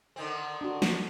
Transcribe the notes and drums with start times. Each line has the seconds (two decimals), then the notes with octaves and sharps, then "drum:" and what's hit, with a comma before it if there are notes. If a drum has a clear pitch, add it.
0.16 D3 D#3 C4
0.61 D4 F#4
0.82 drum: snare